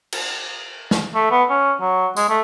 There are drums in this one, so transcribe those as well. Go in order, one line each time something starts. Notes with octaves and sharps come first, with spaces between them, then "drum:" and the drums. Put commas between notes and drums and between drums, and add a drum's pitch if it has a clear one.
drum: cymbal
drum: snare
A3
B3
C#4
F#3
G#3, drum: tambourine
A3